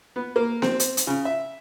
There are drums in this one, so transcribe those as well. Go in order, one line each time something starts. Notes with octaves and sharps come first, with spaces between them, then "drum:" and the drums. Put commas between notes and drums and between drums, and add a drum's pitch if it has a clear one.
B3
A#3
C4, drum: snare B3
drum: hi-hat
drum: hi-hat
C#3
E5